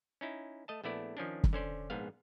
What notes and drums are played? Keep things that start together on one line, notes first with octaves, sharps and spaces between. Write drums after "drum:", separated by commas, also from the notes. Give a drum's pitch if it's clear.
C#4 D#4 E4
A3 D#5 A5
A#1 A3 B3 E4 D5
D#3 F3 C#4 D4
drum: kick
D3 C#4 C5 D5
A#1 G#2 B3 F5